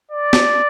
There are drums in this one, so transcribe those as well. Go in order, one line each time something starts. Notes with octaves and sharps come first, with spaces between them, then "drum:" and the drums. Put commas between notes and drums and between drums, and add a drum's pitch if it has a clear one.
D5
drum: snare